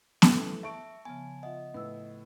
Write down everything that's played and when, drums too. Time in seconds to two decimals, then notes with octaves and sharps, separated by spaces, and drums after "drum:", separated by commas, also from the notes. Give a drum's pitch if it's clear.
0.22 E3 A3, drum: snare B3
0.63 E5 A5 C#6 D7
1.05 C#3 F3 B3 G#5
1.43 F4 D#5 E5 F#5
1.74 A2 B4 E6